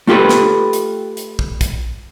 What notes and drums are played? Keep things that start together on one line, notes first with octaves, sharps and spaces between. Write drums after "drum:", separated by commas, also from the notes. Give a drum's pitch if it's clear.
A3 F4 G4 A4 B4
drum: snare
drum: hi-hat
drum: hi-hat
drum: kick
drum: kick, hi-hat